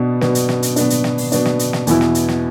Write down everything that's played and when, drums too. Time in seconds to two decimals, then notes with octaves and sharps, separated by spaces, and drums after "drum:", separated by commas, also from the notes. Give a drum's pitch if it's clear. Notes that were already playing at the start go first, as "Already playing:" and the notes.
Already playing: B2 B3 D4
0.21 B2 B3 D4, drum: snare
0.35 drum: hi-hat
0.49 drum: snare
0.63 drum: hi-hat
0.76 B2 B3 D4, drum: hi-hat
0.90 drum: hi-hat
1.04 drum: snare
1.18 drum: open hi-hat
1.32 B2 B3 D4, drum: hi-hat
1.46 drum: snare
1.59 drum: hi-hat
1.73 drum: snare
1.87 E2 B2 B3 E4, drum: hi-hat
2.01 drum: snare
2.15 drum: hi-hat
2.29 drum: snare